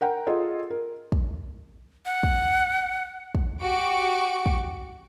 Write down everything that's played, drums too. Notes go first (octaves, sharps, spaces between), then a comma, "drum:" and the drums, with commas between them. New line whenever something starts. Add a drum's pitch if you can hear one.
A#4 F#5 G5 A#5
F4 G#4 A4 D#5
A#4
drum: kick
F#5
drum: kick
drum: kick
F#4 G4 C#6 D6 D7
drum: kick